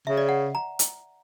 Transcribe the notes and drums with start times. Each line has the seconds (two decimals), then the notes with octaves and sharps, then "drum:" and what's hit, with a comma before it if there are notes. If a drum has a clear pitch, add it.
0.07 C#3 E5
0.17 D5
0.29 F#5
0.55 A#5
0.79 drum: hi-hat